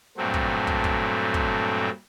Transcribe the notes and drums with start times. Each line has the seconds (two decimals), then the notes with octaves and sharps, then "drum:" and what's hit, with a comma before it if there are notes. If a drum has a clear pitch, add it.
0.17 G2 A#2 F#3 A3 C4
0.34 drum: kick
0.67 drum: kick
0.84 drum: kick
1.34 drum: kick